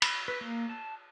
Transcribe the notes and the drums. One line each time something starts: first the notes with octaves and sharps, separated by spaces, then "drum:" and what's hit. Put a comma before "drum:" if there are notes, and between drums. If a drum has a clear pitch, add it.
B5, drum: cymbal
B4
A#3
A5